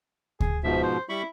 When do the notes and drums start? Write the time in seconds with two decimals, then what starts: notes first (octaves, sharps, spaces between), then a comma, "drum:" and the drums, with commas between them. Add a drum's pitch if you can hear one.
0.40 G#4, drum: kick D2
0.64 G#2 B2 F3 E5
0.83 C5
1.09 G3 E4 B5 C#6